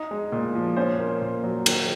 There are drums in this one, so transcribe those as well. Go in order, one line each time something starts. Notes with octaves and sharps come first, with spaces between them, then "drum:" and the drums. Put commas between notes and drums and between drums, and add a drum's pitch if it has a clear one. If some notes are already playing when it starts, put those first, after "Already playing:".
Already playing: D#4
G#3
A#2
F3
C#4 C5
A#3
A#2
F#3
D#3, drum: cymbal